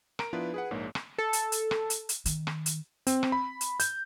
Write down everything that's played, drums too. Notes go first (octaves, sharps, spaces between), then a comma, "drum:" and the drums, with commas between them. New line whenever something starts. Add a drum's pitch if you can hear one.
A#4 A#5 D7, drum: rim click
F3 B3 D4 E4 F4 B4
G#4 B4 F#5
A#1 G#2 A#3 C#5
drum: rim click
A4
drum: hi-hat
drum: hi-hat
drum: rim click
drum: hi-hat
drum: hi-hat
D#3, drum: hi-hat
drum: rim click
drum: hi-hat
C4, drum: hi-hat
drum: rim click
B5
drum: hi-hat
G6, drum: hi-hat